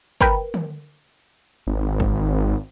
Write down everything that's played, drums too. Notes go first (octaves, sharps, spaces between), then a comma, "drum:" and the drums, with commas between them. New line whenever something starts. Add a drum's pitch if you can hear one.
A#4 B4 G5, drum: kick
drum: tom
G#1
drum: kick